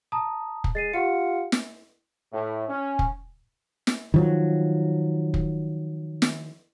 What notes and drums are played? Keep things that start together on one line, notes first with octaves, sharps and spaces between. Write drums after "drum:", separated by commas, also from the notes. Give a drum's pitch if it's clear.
A5 A#5 D#6
drum: kick
G#3 A6 C7 D#7
F4 G4 F#5 C#7
drum: snare
A2
C#4
drum: kick
drum: snare
D#3 F3 F#3
drum: kick
drum: snare